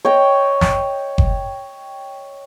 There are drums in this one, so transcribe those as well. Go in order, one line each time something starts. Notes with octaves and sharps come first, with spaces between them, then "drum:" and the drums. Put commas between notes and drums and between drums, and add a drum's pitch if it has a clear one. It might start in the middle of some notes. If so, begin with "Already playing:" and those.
C#5 D#5 G5
drum: snare
drum: kick F#1